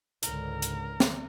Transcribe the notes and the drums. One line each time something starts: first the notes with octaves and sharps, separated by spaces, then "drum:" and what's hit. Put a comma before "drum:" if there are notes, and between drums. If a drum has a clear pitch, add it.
C#2 G#2 D3 A#4, drum: hi-hat
drum: hi-hat
drum: snare